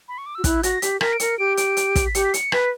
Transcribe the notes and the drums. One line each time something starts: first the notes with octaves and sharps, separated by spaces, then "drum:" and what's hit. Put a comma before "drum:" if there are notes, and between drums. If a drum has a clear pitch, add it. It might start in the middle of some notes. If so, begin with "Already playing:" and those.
B5
C#6
D6
F#4 E6
E4 F#6, drum: kick, hi-hat
F#4 A#6, drum: hi-hat
G4 B6, drum: hi-hat
A#4 B6, drum: rim click
D7
A#4 C#7, drum: hi-hat
G4 D7
D7, drum: hi-hat
drum: hi-hat
drum: kick, hi-hat
B6
G4 C#7, drum: hi-hat
B6
C#7, drum: hi-hat
B4 B6, drum: rim click